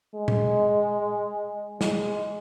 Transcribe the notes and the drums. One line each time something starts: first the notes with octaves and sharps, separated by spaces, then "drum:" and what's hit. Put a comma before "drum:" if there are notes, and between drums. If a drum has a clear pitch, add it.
G#3
drum: tom A#2
G#3, drum: snare